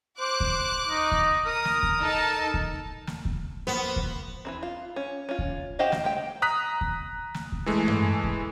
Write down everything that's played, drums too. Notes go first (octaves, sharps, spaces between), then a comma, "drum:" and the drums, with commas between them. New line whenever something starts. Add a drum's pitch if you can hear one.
C5 D6 F#6
drum: kick D#2
D#4
drum: kick D#2
A#4 D#6
drum: snare
drum: kick D#2
D#4 A4 A5
drum: kick D#2
drum: snare
drum: kick D#2
F3 A#3 B3 C5
drum: kick D#2
E3 F#3 C4
F4
C#4
C#4 F4
drum: kick D#2
F#4 G4 C5 D#5 F5
drum: snare
G#3 G4 G5
A#5 D#6 F#6 B6
drum: kick D#2
drum: snare
drum: kick D#2
E3 G#3 A3
drum: tom G2
drum: kick D#2